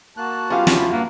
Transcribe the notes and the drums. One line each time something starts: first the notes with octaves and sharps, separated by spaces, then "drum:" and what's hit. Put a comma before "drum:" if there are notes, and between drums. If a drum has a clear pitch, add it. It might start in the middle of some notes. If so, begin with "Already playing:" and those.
A#3 F#4 A5 F#6
F#3 B3 C#4 F4 G4 F5
E2 C#3, drum: snare
B5
G2 A#3 F#5